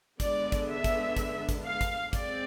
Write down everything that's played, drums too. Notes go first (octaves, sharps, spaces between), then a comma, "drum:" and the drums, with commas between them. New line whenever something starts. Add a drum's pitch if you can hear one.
D3 G#3 B3 D4 D5, drum: kick, hi-hat
drum: kick, hi-hat
E5
drum: kick, hi-hat
drum: kick, hi-hat
drum: kick, hi-hat
F5
drum: kick, hi-hat
G#3 C4 D5, drum: kick, hi-hat